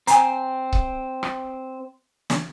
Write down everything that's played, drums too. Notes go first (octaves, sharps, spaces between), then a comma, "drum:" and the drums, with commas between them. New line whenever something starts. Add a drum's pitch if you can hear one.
C4 G#5 A#5, drum: hi-hat
drum: kick C#1
drum: rim click
drum: snare